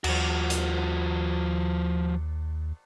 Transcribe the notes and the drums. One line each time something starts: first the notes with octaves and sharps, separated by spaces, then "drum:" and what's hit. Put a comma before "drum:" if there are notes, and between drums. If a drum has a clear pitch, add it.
D#2 F3 F#4, drum: cymbal
drum: hi-hat